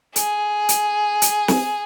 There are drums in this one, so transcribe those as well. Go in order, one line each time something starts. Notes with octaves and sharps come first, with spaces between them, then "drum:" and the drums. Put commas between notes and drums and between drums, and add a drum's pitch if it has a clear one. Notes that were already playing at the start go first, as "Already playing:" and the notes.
G#4, drum: hi-hat
drum: hi-hat
drum: hi-hat
drum: snare